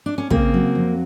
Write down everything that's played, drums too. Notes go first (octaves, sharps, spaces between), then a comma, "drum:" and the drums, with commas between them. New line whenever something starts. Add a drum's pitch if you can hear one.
D4
C#4
C#3 A#3 C4, drum: kick
F#3
F2